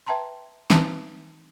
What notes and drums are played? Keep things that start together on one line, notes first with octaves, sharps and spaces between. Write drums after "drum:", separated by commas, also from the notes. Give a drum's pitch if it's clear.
B4 E5 G5 A5 A#5 C6
C4 D#4 B4 E5 A5 A#5, drum: snare